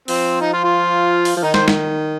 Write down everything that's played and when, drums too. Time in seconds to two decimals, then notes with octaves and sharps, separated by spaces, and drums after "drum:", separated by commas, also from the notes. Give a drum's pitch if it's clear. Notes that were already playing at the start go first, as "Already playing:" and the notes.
0.08 F3 C4, drum: open hi-hat
0.41 D#4
0.53 F4
0.64 F4
1.25 drum: open hi-hat
1.37 F3
1.43 D#3 D#4
1.54 C5, drum: snare
1.68 drum: snare